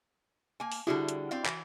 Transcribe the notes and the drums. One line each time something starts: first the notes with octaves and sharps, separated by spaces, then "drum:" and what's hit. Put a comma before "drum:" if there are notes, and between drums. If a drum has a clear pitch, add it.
A#3 G#5
drum: open hi-hat
D3 G3 E4 F#4 G#4
drum: hi-hat
C4 D5 F5
E3, drum: clap